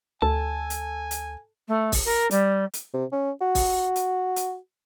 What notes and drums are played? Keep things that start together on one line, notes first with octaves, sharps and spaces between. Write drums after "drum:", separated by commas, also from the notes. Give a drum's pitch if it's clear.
D2 A4 G#5 A5
drum: hi-hat
drum: hi-hat
A3
drum: kick, open hi-hat
A#4
G3, drum: hi-hat
drum: hi-hat
C3
C#4
F#4
drum: kick, open hi-hat
drum: hi-hat
drum: hi-hat